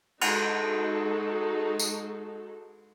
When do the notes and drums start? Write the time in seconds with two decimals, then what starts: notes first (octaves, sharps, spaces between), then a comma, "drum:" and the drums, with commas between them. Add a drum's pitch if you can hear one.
0.21 G#3 D#4 F#4 A4, drum: cymbal
1.79 drum: tambourine